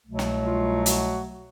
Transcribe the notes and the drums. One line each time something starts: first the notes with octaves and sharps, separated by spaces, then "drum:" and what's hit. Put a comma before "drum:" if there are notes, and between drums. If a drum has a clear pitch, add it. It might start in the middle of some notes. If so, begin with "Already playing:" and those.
C2 B2 F#3 A3
drum: snare
F4
F#4, drum: hi-hat